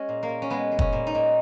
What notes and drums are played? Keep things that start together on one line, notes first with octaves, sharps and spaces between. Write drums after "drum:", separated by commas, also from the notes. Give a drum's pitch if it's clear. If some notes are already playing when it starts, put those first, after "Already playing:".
Already playing: G#3 C#4
A#2
A#3
A#2
C#4
G#3 B3
G#3
C#4, drum: kick
A#2
D#4
A#2